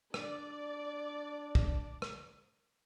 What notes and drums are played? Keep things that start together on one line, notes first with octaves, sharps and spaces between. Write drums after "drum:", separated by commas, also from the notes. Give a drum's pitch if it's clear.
D4 D5, drum: rim click
drum: kick
drum: rim click